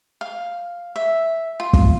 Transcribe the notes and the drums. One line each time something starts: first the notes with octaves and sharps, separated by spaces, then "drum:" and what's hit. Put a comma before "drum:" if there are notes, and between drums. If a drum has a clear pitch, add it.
F5
E5
F4
drum: kick